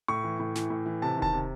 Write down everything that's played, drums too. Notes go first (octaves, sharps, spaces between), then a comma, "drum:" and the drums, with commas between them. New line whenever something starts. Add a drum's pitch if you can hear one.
A2 C#6
E3
A2
E3, drum: snare
A2
E3
C3 A5
D#3
A5, drum: kick D#1
C3